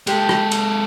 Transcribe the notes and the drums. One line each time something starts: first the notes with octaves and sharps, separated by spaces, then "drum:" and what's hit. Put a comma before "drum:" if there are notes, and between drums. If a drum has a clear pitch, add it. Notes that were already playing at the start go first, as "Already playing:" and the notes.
G#3 G4 A4, drum: cymbal
drum: rim click
drum: cymbal